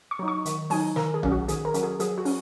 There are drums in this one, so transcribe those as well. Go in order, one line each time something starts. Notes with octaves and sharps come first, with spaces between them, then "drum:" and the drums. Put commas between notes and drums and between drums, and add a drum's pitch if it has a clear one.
C#6
F#3 D#4
C#6
D#3, drum: hi-hat
F#3 D#4 G#5, drum: open hi-hat
D#3 A#4, drum: snare
G#4
F#3 C#4, drum: tom B1
F#4
D#3 G#4, drum: hi-hat
A#4
F#3 C#4, drum: hi-hat
G#4
F#3 G#4, drum: hi-hat
F#4
C#4, drum: open hi-hat